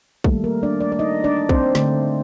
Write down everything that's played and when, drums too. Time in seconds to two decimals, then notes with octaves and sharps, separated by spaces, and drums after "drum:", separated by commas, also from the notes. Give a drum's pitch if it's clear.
0.24 D#3 G3 A3 A#3 A4, drum: kick
0.44 A#3 A#4
0.63 D4 D5
0.80 D4 D5
0.92 D5
0.99 D#4 D#5
1.24 D4 D5
1.49 C4 C5, drum: kick
1.75 D3 A3, drum: snare